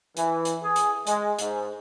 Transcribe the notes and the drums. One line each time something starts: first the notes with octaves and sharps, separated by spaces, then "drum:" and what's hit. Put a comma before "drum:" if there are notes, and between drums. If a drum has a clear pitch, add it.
E3, drum: hi-hat
drum: hi-hat
G#4
drum: hi-hat
G#3, drum: hi-hat
G#2, drum: hi-hat